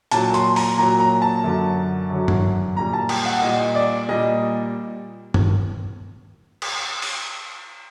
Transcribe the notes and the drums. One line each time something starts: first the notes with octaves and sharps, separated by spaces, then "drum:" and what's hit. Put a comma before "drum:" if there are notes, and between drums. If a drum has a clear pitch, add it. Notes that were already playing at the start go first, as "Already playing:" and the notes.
A#2 F#3 A5, drum: hi-hat
C6, drum: hi-hat
A#5, drum: open hi-hat
A#2 F#3 A#5
A#5
A5
F#2 D3 F#3
F#2 D3 F#3
drum: tom G2
A#2 G3 A#5
A5
G5, drum: cymbal
F#5
A#2 G3 D#5
D5
A#2 G3 D#5
drum: tom G2
drum: cymbal
drum: open hi-hat